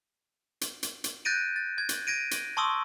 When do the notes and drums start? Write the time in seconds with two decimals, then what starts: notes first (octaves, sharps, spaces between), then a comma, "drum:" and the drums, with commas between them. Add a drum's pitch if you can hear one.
0.61 drum: hi-hat
0.83 drum: hi-hat
1.04 drum: hi-hat
1.25 F#6 G6 A6 A#6 D7 D#7
1.56 A6
1.78 G#6
1.89 drum: hi-hat
2.07 G#6 A#6 D7 D#7
2.31 drum: hi-hat
2.57 A5 C6 C#6 D#6 E6